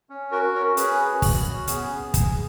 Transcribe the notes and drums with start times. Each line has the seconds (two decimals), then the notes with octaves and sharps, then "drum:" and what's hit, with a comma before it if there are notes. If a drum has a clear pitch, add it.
0.10 C#4
0.31 F#4 A#4
0.55 C#4 A#4
0.77 C#4 G#4 B4, drum: hi-hat
1.01 F#4
1.22 F#4, drum: kick, open hi-hat
1.45 C#4
1.67 B3 G#4, drum: hi-hat
1.91 B3
2.14 G#4, drum: kick, hi-hat